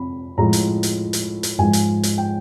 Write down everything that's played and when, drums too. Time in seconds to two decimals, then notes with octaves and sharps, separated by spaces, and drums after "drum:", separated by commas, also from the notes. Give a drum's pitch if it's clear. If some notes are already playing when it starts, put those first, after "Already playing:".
Already playing: F2 C3 B5
0.38 A2 F3 G#3 A#5
0.53 drum: hi-hat
0.83 drum: hi-hat
1.13 drum: hi-hat
1.43 drum: hi-hat
1.58 G#2 F3 G#3 G#5
1.73 drum: hi-hat
2.03 drum: hi-hat
2.18 G5